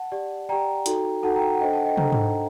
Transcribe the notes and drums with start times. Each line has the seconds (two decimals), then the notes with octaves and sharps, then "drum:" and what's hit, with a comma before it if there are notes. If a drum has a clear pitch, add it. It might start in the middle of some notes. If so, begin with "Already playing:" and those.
Already playing: F#5 A5
0.12 G4 D5
0.49 G4 D5 G5 A#5
0.86 D#4 F#4 A4, drum: hi-hat
1.23 D#4 F#4 A4 F#5 A5
1.36 G5 A#5
1.54 F#5
1.61 D4 A4 C5 D#5 G5
1.73 F#5 A5
1.85 D#5 G5
1.97 D4 A4 C5 G5 A#5, drum: tom
2.12 drum: tom G#2